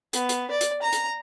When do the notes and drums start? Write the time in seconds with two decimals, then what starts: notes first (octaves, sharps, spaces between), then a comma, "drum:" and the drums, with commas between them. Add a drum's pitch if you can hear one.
0.13 B3, drum: hi-hat
0.29 drum: hi-hat
0.51 D5
0.61 drum: hi-hat
0.82 A#5
0.93 drum: hi-hat